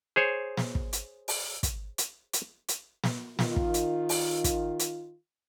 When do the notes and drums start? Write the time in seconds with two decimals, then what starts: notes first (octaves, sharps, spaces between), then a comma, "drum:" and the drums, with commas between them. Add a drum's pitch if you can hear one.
0.16 G#4 C5 C#5
0.57 drum: snare
0.75 drum: kick
0.93 drum: hi-hat
1.28 drum: open hi-hat
1.63 drum: kick, hi-hat
1.98 drum: hi-hat
2.33 drum: hi-hat
2.68 drum: hi-hat
3.04 drum: snare
3.39 D#3 F4, drum: snare
3.56 drum: kick
3.74 drum: hi-hat
4.09 drum: open hi-hat
4.44 drum: kick, hi-hat
4.79 drum: hi-hat